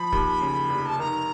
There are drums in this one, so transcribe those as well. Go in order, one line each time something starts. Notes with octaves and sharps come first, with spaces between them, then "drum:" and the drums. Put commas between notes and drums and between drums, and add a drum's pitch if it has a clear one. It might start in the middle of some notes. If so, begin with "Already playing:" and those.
Already playing: F3 B5
D#2, drum: kick
C#3
F1
A5
D#3 A#5